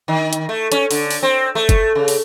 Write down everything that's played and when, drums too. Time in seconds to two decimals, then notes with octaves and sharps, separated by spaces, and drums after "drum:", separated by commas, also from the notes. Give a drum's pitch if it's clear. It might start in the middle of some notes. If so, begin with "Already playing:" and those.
0.08 D#3
0.33 drum: hi-hat
0.49 A3
0.72 C#4, drum: hi-hat
0.91 D3, drum: open hi-hat
1.11 drum: open hi-hat
1.23 C4
1.55 A3
1.69 drum: kick, hi-hat
1.95 C#3
2.08 drum: open hi-hat